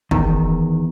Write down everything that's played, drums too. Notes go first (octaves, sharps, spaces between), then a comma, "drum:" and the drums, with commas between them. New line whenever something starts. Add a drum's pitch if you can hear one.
E2 D#3, drum: kick